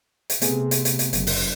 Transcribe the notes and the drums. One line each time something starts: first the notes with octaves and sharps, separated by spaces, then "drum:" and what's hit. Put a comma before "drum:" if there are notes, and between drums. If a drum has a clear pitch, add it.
drum: hi-hat
C3 A3 B3 G#4, drum: hi-hat
drum: hi-hat
drum: hi-hat
drum: hi-hat
F#1, drum: hi-hat
drum: open hi-hat